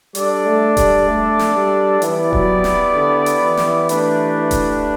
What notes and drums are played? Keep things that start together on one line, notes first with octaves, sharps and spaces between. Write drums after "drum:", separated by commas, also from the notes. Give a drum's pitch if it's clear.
G3 D4 A4 D5, drum: hi-hat
A3
G3, drum: kick D#1, hi-hat
A3
drum: snare
G3
E3 B3 E4 G4 D5, drum: hi-hat
F#3, drum: kick D#1
drum: snare
D3
drum: hi-hat
E3
drum: snare
A3 D4 G4 B4, drum: hi-hat
drum: kick D#1, hi-hat